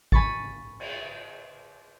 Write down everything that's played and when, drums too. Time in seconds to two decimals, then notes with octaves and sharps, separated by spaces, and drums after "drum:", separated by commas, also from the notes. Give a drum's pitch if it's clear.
0.12 G#5 B5 C#6 A6, drum: kick
0.80 drum: cymbal